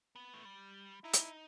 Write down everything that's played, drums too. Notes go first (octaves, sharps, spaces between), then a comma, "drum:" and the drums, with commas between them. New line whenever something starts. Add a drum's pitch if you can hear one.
B3
A3
G3
D#4 E4
drum: hi-hat